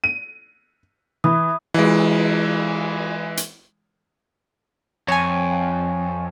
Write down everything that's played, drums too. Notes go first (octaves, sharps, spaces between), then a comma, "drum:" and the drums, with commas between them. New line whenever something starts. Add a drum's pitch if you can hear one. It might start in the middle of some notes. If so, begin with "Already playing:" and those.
D#7
E3 E5 B5 D#6
E3 G#3, drum: cymbal
drum: hi-hat
F2 C#5 G#5